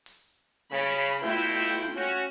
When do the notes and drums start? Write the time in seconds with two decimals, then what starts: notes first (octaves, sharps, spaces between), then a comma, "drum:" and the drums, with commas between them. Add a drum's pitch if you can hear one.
0.06 drum: open hi-hat
0.72 C#3 B5
1.22 B2 A3 E4 F4 G5
1.82 drum: snare
1.96 C#4 F#4